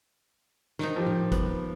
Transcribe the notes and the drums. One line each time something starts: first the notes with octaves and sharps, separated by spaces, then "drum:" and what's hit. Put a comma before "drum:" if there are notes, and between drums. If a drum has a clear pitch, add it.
D#3 D#4, drum: snare
F3 G4
drum: tom A2
B3, drum: kick, hi-hat